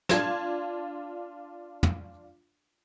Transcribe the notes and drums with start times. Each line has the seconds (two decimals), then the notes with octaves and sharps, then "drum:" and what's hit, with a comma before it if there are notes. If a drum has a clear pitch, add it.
0.09 D4 F4 G#6 E7, drum: snare
1.83 drum: tom